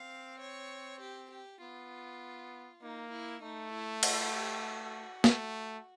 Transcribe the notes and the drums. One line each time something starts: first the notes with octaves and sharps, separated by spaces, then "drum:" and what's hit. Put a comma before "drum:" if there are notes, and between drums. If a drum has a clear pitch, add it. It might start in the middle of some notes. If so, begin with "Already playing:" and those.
Already playing: C4 F5
C#5
G4
G4
B3 F4
A#3 D#4
E4
A3 D#4
E4
F4, drum: cymbal
G4
F#4
A3, drum: snare